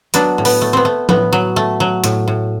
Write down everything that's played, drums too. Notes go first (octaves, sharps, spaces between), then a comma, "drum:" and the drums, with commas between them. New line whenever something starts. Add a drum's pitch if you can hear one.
F#3 B3 D4, drum: hi-hat
A2
B3, drum: open hi-hat
A3
B3 C4
A3
A2 B3, drum: tom F3
F#3
A3
F#3
A2, drum: hi-hat
A2